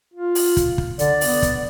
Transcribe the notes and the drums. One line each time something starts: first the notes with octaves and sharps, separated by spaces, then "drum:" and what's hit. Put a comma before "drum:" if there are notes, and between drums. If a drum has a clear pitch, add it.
F4
drum: open hi-hat
drum: kick, hi-hat
drum: kick
D3 D5, drum: hi-hat
B3, drum: open hi-hat
drum: kick, hi-hat